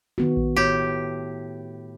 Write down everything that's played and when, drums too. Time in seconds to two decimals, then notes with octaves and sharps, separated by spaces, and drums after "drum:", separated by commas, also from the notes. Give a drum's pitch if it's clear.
0.18 D#3 B3 F#4
0.37 drum: kick A#1
0.56 A2 G4